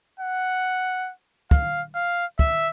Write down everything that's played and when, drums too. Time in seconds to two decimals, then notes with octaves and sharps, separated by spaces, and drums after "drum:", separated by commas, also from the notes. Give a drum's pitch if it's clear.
0.20 F#5
1.51 F5, drum: kick
1.95 F5
2.39 E5, drum: kick